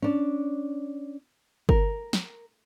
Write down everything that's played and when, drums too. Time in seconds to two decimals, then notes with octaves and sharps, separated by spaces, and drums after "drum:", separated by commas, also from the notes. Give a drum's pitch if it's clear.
0.02 C#4 D4
1.69 A#4, drum: kick G1
2.13 drum: snare